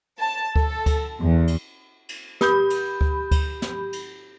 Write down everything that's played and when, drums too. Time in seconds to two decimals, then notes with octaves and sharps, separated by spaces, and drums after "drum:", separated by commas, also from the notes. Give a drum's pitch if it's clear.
0.19 A5
0.56 A4, drum: kick D2
0.86 drum: kick D2, cymbal
1.21 E2
1.48 drum: cymbal
2.09 drum: cymbal
2.41 G4 B5 G6, drum: snare
2.70 drum: cymbal
3.01 drum: kick D2
3.31 drum: kick D2, cymbal
3.62 drum: snare
3.93 drum: cymbal